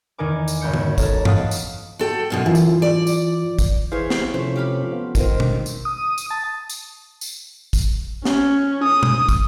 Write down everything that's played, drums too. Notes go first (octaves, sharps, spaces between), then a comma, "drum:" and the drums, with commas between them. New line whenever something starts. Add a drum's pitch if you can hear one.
E2 D#3 D#4 A#4 G#5 D6
drum: tambourine
G#1 C#2 F#4 G6 C#7
drum: tom
A4 A#4 C#5, drum: kick, tambourine
D#5 F5 F#5 A5 D#6, drum: tom G2
drum: tambourine
F#4 A4 G5
F#2 B2 F4
F#2 E3 F4
drum: tambourine
D5
drum: tambourine
drum: kick, tambourine
E3 G#4 C5 C#5 F5
drum: snare
C3 F3 A3 C#4 C5
G4 F5 B5
B3 F4
D#3 C4, drum: kick, tambourine
G2
drum: tom
drum: tambourine
D#6
drum: tambourine
A5
drum: tambourine
drum: tambourine
drum: kick, tambourine
C#4, drum: snare
D#6
drum: tom
drum: kick, tambourine